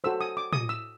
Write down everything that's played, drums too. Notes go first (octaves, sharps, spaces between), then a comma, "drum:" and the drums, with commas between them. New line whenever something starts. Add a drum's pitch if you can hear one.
F#4 A4 C5 E6
D#6
D6
D#6, drum: tom
E6